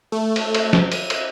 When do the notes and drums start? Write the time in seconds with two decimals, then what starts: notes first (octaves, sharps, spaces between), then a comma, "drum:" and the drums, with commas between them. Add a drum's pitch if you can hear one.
0.12 A3
0.36 drum: cymbal
0.55 drum: cymbal
0.73 drum: snare
0.92 D#7, drum: cymbal
1.10 drum: cymbal